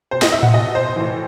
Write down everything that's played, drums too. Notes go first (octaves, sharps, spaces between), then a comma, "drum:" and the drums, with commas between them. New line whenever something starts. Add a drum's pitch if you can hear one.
B2 C5
D#5, drum: snare
E5
F#5, drum: tom A2
B2 D#5
C5
A2 E3